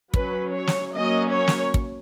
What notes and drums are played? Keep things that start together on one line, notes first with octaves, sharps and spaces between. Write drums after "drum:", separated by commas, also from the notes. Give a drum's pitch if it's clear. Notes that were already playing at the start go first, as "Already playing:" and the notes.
F#3 C#4 B4, drum: kick
C#5
drum: snare
F#3 A#3 C#4 D#5
C#5
drum: snare
drum: kick